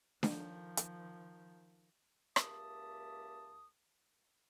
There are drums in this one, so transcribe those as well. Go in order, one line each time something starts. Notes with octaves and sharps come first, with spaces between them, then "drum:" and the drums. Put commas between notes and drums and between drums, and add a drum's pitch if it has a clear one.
D#3 F3, drum: snare D4
drum: hi-hat
C#2 A#3 G4 E5 A5 D#6, drum: rim click